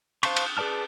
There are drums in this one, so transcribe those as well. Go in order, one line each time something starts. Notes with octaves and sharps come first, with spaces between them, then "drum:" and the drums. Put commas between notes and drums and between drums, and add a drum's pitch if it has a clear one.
C5 F5 A5 C6 C#6, drum: cymbal
drum: cymbal
G#4 B4 D5 A5 F6